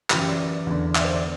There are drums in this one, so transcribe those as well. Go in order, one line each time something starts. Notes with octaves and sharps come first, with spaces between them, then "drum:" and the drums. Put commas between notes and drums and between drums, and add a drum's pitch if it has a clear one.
F#2 E3 F#4, drum: clap
G4
D5
D5
E2 D3
E5, drum: clap
D5
C5
D5